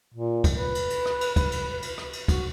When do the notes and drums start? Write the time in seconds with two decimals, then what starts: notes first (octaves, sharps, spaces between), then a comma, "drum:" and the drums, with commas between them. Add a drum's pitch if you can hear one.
0.14 A#2
0.44 drum: kick, cymbal
0.55 B4
0.75 drum: cymbal
0.90 drum: cymbal
1.06 drum: rim click
1.21 drum: cymbal
1.36 drum: kick, cymbal
1.52 drum: cymbal
1.82 drum: cymbal
1.98 drum: rim click
2.13 drum: cymbal
2.28 F#4, drum: kick, cymbal